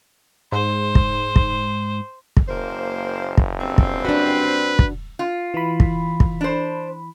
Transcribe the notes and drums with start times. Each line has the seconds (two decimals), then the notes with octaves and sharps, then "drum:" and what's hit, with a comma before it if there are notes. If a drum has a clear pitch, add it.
0.52 G#2 C5
0.95 drum: kick
1.36 drum: kick
2.37 drum: kick
2.48 F#1 A#3 C5
3.38 drum: kick
3.60 G2 G3 C4
3.78 drum: kick
4.05 D4 F#4 B4
4.79 drum: kick
5.19 F4
5.54 E3 B5
5.80 drum: kick
6.20 drum: kick
6.41 D4 C5